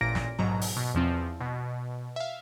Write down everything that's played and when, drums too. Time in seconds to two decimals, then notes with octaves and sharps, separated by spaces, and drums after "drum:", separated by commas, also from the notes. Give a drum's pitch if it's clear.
0.01 A1 A#2 A#6 D7
0.15 drum: snare
0.39 A#1 G#2 B2 F#3 A#5
0.61 drum: open hi-hat
0.77 B2
0.95 E2 F3 C4
1.41 B2
2.16 E5 F5